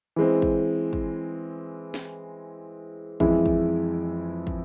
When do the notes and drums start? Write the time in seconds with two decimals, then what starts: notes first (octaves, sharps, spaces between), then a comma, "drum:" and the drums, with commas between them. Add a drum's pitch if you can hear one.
0.16 E3 G#3 C4
0.42 drum: kick
0.93 drum: kick
1.94 drum: snare
3.20 F2 E3 G#3 E4, drum: kick
3.46 drum: kick
4.47 drum: kick